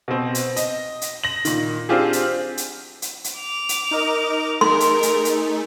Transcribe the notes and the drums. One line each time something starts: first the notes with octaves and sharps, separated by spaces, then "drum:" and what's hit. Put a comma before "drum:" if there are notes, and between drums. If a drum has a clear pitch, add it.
B2 C4
drum: hi-hat
D#5, drum: hi-hat
drum: hi-hat
A#6 F#7
A#2 D#3, drum: hi-hat
C4 D4 F4 G4 G#4
drum: hi-hat
drum: hi-hat
drum: hi-hat
drum: hi-hat
D6 F7
drum: hi-hat
D#4 A#4 D#5
A3 D#4 G#4 A#4 C6
drum: hi-hat
drum: hi-hat
drum: hi-hat